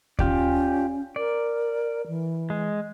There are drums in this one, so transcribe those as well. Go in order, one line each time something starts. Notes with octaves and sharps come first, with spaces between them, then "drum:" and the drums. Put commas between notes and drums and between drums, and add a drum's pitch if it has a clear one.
C#4 F4 G4 D5, drum: kick D#2
A#4 D5
E3
G#3